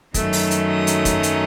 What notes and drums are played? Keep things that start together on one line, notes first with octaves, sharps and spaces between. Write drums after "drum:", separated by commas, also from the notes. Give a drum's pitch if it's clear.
F#2 D#3 F#3 A3 C#4, drum: kick, hi-hat
drum: open hi-hat
drum: hi-hat
D#6
drum: hi-hat
drum: kick, hi-hat
drum: hi-hat